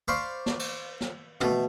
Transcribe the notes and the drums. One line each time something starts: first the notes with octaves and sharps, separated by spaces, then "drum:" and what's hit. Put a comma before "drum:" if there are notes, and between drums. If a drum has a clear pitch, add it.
C5 D5 F5 B5 C#6
drum: snare
drum: cymbal
drum: snare
B2 A3, drum: tom